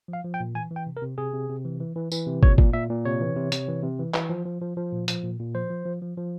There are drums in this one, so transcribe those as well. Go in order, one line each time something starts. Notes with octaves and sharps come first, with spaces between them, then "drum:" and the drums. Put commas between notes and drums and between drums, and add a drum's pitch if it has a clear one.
F3
F5
F3
G5
A#2
E3 G#5
E3
G5
C3
A#4
C3
C3 G#4
C3
C3
E3
E3
E3
E3, drum: tambourine
C3
A#2 C#5, drum: kick
A#2, drum: kick
A#2 E5
A#2
C3 C#5
E3
C3
C3, drum: hi-hat
E3
C3
E3
E3, drum: clap
F3
F3
F3
F3
A#2
F3, drum: hi-hat
A#2
A#2
F3 C5
F3
F3
F3
F3